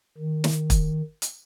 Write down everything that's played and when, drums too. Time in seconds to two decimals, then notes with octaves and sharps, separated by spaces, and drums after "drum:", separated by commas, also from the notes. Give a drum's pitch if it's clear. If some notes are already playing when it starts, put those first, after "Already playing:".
0.18 D#3
0.44 drum: snare
0.70 drum: kick, hi-hat
1.22 drum: hi-hat